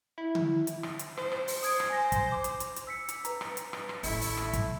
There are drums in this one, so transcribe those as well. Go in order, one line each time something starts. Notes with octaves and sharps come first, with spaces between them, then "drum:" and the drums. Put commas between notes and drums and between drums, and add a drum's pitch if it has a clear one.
E4
drum: tom D3
drum: hi-hat
drum: rim click
drum: hi-hat
C5, drum: rim click
drum: rim click
drum: open hi-hat
D#6 G#6 D7, drum: open hi-hat
drum: rim click
G#5 A#6
drum: kick, hi-hat
D6
drum: hi-hat
drum: hi-hat
drum: hi-hat
E6 B6 C#7
drum: hi-hat
B4 A#5, drum: hi-hat
drum: rim click
drum: hi-hat
drum: rim click
drum: rim click
A1 D#3 A3 E4, drum: open hi-hat
drum: open hi-hat
drum: rim click
drum: kick, hi-hat